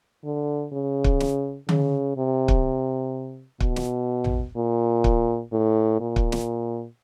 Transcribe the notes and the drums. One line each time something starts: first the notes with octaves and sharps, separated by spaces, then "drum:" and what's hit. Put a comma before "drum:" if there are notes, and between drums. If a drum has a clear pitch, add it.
D3
C#3
drum: kick
drum: snare
C#3, drum: tom D3
C3
drum: kick
B2, drum: kick
drum: snare
drum: tom A1
A#2
drum: kick
A2
A#2
drum: kick
drum: snare